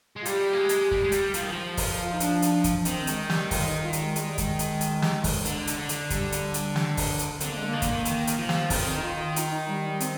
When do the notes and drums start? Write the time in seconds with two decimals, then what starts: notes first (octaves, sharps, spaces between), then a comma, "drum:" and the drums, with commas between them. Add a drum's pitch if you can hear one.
0.16 G#3
0.22 F4
0.25 G3 G4, drum: hi-hat
0.53 A#3
0.58 G#3
0.69 drum: hi-hat
0.91 G3, drum: kick
1.03 G#3
1.12 G3, drum: hi-hat
1.34 F3, drum: hi-hat
1.42 D#3
1.52 F3
1.77 drum: kick, open hi-hat
2.03 F4
2.12 D#4
2.20 D4, drum: hi-hat
2.42 drum: hi-hat
2.64 drum: kick, hi-hat
2.85 D#3 C4, drum: hi-hat
3.07 G#3, drum: hi-hat
3.30 G3, drum: snare
3.51 F4, drum: kick, open hi-hat
3.67 D#4
3.83 F4
3.93 G3, drum: hi-hat
4.00 G#3
4.16 G#3, drum: hi-hat
4.27 G3
4.38 G#3, drum: kick, hi-hat
4.59 drum: hi-hat
4.81 drum: hi-hat
5.02 drum: snare
5.24 drum: kick, open hi-hat
5.45 D3, drum: hi-hat
5.67 drum: hi-hat
5.78 D3
5.89 drum: hi-hat
6.10 G3, drum: kick, hi-hat
6.32 drum: hi-hat
6.54 drum: hi-hat
6.76 drum: snare
6.97 drum: kick, open hi-hat
7.19 drum: hi-hat
7.40 D3 C4, drum: hi-hat
7.49 A#3
7.57 G#3
7.67 A#3
7.73 D#3
7.82 D3, drum: kick, hi-hat
7.91 D#3
8.05 D#3, drum: hi-hat
8.27 drum: hi-hat
8.38 F3
8.49 drum: snare
8.70 D#3 C4, drum: kick, open hi-hat
8.98 D#4
9.03 F4
9.19 F4
9.36 D#4, drum: hi-hat
9.52 D#4
9.68 G3
9.85 G3
10.00 C4, drum: hi-hat